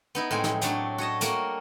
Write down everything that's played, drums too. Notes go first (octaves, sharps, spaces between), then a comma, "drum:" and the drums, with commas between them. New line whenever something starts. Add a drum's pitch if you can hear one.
B3 D#4 E4
A2 G#3 C4 G#5
drum: snare
F#3 A3 D4, drum: hi-hat
F#4 C#5 D#5 A5
G3 A3 A#3 F#4, drum: hi-hat